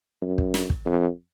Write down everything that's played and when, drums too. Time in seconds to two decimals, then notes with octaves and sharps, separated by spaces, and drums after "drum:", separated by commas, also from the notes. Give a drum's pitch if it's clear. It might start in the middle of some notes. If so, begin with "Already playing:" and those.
0.22 F#2
0.38 drum: kick
0.54 drum: snare
0.70 drum: kick
0.86 F2